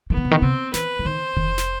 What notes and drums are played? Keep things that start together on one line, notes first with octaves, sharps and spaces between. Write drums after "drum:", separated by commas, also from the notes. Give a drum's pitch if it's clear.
E3 B3
D#3
C3
D#3
C3 C4
E3 B4, drum: snare
E3
D#3 C5
D#3, drum: kick F1
drum: snare